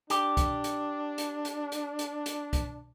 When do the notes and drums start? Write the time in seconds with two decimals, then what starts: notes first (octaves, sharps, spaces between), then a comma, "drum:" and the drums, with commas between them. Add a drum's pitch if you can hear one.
0.10 D4 G4, drum: hi-hat
0.37 drum: kick C2, hi-hat
0.64 drum: hi-hat
1.18 drum: hi-hat
1.45 drum: hi-hat
1.72 drum: hi-hat
1.99 drum: hi-hat
2.26 drum: hi-hat
2.53 drum: kick C2, hi-hat